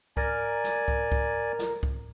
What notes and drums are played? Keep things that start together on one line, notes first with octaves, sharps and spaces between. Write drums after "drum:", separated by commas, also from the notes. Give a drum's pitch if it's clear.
A#4 D5 G#5, drum: kick
drum: snare
drum: kick
drum: kick
drum: snare
drum: kick